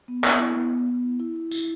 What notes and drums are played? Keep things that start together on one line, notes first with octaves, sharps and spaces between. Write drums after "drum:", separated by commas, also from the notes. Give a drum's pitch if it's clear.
B3
B3, drum: clap
E4
B3
B3
B3
E4
E4
E4
E4, drum: tambourine